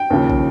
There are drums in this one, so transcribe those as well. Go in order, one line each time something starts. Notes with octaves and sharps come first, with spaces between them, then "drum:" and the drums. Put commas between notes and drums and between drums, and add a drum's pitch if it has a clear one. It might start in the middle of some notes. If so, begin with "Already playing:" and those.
Already playing: G5
D#2 C#3 F3
drum: kick